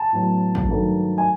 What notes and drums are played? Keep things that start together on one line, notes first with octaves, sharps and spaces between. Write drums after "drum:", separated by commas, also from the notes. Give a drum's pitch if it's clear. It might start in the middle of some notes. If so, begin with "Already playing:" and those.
Already playing: A5
A2 F#3 B3
drum: kick
G2 D#3 F#3 A3
G#5